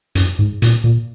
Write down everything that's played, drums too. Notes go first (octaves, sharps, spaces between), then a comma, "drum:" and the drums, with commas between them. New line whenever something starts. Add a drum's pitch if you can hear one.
F#2, drum: hi-hat
G#2
A#2, drum: hi-hat
A#2